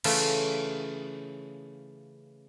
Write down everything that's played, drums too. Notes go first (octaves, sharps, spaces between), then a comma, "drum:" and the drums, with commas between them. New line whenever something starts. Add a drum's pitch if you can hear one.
C#3 E3 A3 F4, drum: cymbal